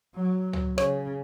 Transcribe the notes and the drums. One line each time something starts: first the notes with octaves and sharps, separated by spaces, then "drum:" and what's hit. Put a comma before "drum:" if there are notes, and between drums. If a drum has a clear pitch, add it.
F#3
drum: tom C#2
C#3 C#5, drum: rim click